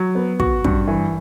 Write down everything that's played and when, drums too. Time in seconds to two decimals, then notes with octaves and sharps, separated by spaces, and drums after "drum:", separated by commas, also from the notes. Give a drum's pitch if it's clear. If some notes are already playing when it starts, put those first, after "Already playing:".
Already playing: F#3
0.15 B3
0.40 F#4, drum: kick
0.64 G2, drum: kick
0.87 E3